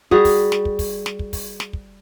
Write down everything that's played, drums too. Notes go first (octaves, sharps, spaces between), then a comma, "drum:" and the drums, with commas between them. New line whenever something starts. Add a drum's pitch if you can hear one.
G3 F#4 G#4, drum: kick
drum: kick, open hi-hat
drum: snare
drum: kick
drum: kick, open hi-hat
drum: snare
drum: kick
drum: kick, open hi-hat
drum: snare
drum: kick